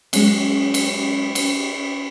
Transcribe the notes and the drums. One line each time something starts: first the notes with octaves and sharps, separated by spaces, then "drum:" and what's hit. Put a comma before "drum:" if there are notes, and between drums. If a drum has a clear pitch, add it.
F#3 G#3 C#4 F#4 G#4, drum: cymbal
drum: cymbal
drum: cymbal